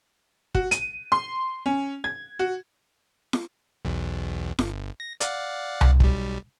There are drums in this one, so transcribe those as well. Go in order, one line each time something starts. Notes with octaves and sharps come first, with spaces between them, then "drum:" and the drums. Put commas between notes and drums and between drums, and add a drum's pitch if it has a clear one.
F#4, drum: kick
D#7, drum: hi-hat
C6
C#4
G#6
F#4
drum: snare
B1 E2
G1, drum: snare
A#6
D5 F5 F#5, drum: hi-hat
drum: tom C2
B1 G3, drum: kick